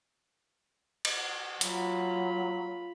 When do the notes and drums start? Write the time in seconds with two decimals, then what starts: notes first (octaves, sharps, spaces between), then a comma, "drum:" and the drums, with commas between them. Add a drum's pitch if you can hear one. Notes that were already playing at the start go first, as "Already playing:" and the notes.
1.05 drum: cymbal
1.61 F#3 F4 B5, drum: hi-hat